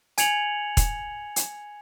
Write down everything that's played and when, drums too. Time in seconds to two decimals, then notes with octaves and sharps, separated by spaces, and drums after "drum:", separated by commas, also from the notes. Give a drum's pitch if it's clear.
0.18 G#5 G#6 C#7 F7 F#7, drum: hi-hat
0.77 drum: kick E1, hi-hat
1.36 drum: hi-hat